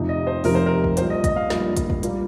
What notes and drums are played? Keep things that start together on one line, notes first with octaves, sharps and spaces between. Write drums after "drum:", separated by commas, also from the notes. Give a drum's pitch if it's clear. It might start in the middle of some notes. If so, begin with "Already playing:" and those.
Already playing: F1 F2 C3 F3 D#4
D#5
C5
F1 F2 C3 F3 D#4 A#4, drum: open hi-hat
C5
A#4
drum: kick
A#1 A#2 G3 C5, drum: hi-hat
D#5
D#5, drum: kick, hi-hat
F5
A#1 A#2 G3, drum: snare
drum: kick, hi-hat
drum: kick
A#2 G3 A#3, drum: hi-hat